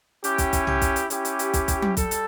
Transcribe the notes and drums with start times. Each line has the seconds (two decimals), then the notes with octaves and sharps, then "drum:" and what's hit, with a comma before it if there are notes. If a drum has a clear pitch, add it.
0.24 C#4 E4 G4, drum: hi-hat
0.38 drum: kick, hi-hat
0.53 drum: kick, hi-hat
0.67 G4, drum: tom
0.81 drum: kick, hi-hat
0.96 drum: hi-hat
1.10 C#4 E4 G4, drum: hi-hat
1.25 drum: hi-hat
1.39 drum: hi-hat
1.53 drum: kick, hi-hat
1.68 drum: kick, hi-hat
1.82 drum: tom F#3
1.97 G3 A4, drum: kick, hi-hat
2.11 drum: hi-hat